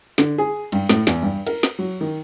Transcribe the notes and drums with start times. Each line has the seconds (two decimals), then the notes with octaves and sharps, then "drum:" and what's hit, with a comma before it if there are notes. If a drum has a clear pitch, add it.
0.18 D3, drum: snare
0.38 G#4
0.72 G2, drum: cymbal
0.89 A2, drum: snare
1.07 E2, drum: snare
1.22 G2
1.47 A#4, drum: cymbal
1.63 drum: snare
1.79 F#3
2.01 D#3